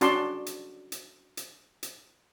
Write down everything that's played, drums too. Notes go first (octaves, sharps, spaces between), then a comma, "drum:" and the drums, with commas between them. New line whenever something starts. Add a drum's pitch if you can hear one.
C#4 D4 F#4 D5 A5 C6, drum: hi-hat
drum: hi-hat
drum: hi-hat
drum: hi-hat
drum: hi-hat